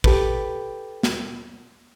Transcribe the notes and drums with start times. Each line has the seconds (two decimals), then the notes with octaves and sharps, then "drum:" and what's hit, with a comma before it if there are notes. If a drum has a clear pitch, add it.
0.04 G4 A4 B4, drum: kick
1.03 drum: snare